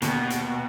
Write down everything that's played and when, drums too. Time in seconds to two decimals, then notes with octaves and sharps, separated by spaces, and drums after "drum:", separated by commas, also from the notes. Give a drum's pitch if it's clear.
0.02 D#2 B2, drum: hi-hat
0.30 drum: hi-hat